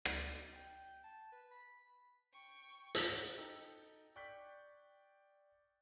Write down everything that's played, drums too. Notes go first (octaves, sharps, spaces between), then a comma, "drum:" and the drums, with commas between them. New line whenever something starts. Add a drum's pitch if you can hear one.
D5, drum: rim click
D#4
G5
A5
B4
B5
G5 C#6
drum: hi-hat
F#4
D#4 A4 G5
D5 G5 C#6 F#6 G6 B6